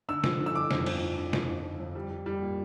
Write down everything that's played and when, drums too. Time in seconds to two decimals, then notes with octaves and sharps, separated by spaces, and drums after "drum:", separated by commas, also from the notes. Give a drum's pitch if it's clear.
0.09 D3 E6
0.24 F3, drum: snare
0.40 D3
0.46 E6
0.55 F3 D6
0.71 F2, drum: snare
0.86 F2, drum: cymbal
1.02 D3
1.17 D3
1.33 F2, drum: snare
1.48 F2
1.65 D3
1.79 F2
1.95 G3
2.11 G3
2.26 G3
2.42 A#2